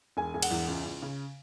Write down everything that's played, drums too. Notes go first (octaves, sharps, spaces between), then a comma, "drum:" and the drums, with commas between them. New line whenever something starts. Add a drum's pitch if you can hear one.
E1 G#5
E1
F#5, drum: cymbal
E2
C#2
C#2
C#3